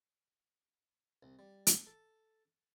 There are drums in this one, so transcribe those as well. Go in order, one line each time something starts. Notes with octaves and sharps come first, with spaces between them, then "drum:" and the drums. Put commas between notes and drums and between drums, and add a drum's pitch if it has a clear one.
C2
G3
drum: hi-hat
A4